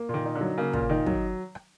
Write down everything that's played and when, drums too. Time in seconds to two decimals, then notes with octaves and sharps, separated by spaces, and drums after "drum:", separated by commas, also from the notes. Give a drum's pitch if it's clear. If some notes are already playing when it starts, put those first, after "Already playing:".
Already playing: A#3
0.09 A#2
0.14 D#3
0.25 D#4
0.35 D3
0.41 F#3
0.58 C#3 A#3
0.73 A#2, drum: kick
0.90 D#3 D#4
1.06 F#3, drum: kick
1.55 drum: rim click